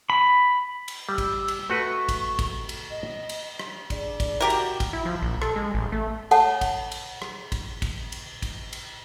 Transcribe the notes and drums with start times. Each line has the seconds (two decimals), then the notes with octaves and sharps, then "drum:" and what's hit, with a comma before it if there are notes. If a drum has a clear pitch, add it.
0.10 B5
0.88 drum: cymbal
1.09 G3 E6
1.18 drum: kick, cymbal
1.48 drum: cymbal
1.70 A3 F#4 B4 C#6
2.09 drum: kick, cymbal
2.39 drum: kick, cymbal
2.69 drum: cymbal
2.90 D#5
3.29 drum: cymbal
3.59 drum: rim click
3.90 D4 G#4 D5, drum: kick, cymbal
4.20 drum: kick, cymbal
4.41 G3 F#4 G4 A#4
4.50 drum: cymbal
4.80 drum: kick, cymbal
4.93 E4
5.06 F3
5.22 A#1
5.42 A4, drum: rim click
5.56 G#3
5.74 A1
5.92 A3
6.31 A4 C#5 F#5 A5, drum: cymbal
6.61 drum: kick, cymbal
6.91 drum: cymbal
7.22 drum: rim click
7.52 drum: kick, cymbal
7.82 drum: kick, cymbal
8.12 drum: cymbal
8.42 drum: kick, cymbal
8.73 drum: cymbal